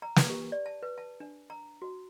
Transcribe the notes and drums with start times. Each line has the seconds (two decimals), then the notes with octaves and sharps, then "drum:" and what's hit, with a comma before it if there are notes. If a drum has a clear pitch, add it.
0.02 A#5
0.16 B4, drum: snare
0.29 G4
0.52 D5
0.66 A5
0.83 B4
0.98 A5
1.20 D4
1.50 A#5
1.82 F#4